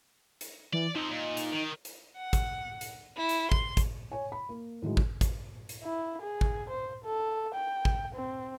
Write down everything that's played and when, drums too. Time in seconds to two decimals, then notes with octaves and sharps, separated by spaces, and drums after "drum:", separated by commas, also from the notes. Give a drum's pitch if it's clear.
0.41 drum: hi-hat
0.73 E3 D5
0.95 F3 C4 D#4
1.11 A#2
1.37 drum: hi-hat
1.52 D#3
1.85 drum: hi-hat
2.17 F#5
2.33 drum: kick, hi-hat
2.81 drum: hi-hat
3.17 E4
3.29 drum: hi-hat
3.52 C6, drum: kick
3.77 drum: kick, hi-hat
4.12 C#5 G#5
4.32 B5
4.49 A#3
4.82 A2 D#3 F#3 G#3
4.97 drum: kick
5.21 drum: kick, hi-hat
5.69 drum: hi-hat
5.84 E4
6.21 G#4
6.41 drum: kick
6.69 C5
7.04 A4
7.54 G5
7.85 drum: kick
8.15 C4